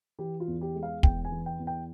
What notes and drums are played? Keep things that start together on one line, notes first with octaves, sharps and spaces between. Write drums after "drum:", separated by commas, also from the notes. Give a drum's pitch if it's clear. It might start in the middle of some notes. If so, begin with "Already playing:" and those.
E3 G4
F4
E2
G4
G#3
F5
E2 G5, drum: kick
G#5
E3
G5
E2
G5